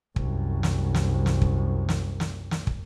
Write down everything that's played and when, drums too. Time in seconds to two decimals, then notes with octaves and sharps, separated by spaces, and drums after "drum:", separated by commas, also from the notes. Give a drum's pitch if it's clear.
0.16 C2 F#2, drum: kick
0.63 drum: snare
0.94 drum: snare
1.26 drum: snare
1.42 drum: kick
1.89 drum: snare
2.20 drum: snare
2.51 drum: snare
2.67 drum: kick